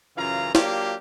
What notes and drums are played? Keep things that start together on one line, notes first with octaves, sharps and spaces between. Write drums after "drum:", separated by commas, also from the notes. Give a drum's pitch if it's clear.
F#2 C#3 E3 F4 F5 A#5
F#3 A#3 D4 F4 G4, drum: snare